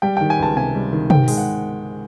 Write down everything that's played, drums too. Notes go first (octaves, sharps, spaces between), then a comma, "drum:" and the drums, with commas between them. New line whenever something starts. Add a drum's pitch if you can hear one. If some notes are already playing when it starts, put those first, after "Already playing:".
G3 G5
D#3 G5
G#5
C#2 A5
C3 G#5
G3
D#3
G#2 G5, drum: tom
G#3, drum: open hi-hat
F#5